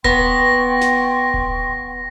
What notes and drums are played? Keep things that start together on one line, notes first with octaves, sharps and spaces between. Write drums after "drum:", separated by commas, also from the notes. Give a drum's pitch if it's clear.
B3 G5 C6 C#6 A#6, drum: kick D#1
drum: snare
drum: kick D#1